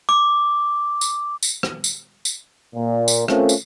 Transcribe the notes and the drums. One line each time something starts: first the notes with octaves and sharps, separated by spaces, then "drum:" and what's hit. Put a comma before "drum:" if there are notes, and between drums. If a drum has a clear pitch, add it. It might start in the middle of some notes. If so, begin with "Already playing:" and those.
D6
drum: tambourine
drum: tambourine
drum: rim click
drum: tambourine
drum: tambourine
A#2
drum: tambourine
A3 C4 C#4 F4 A4 A#4, drum: rim click
drum: tambourine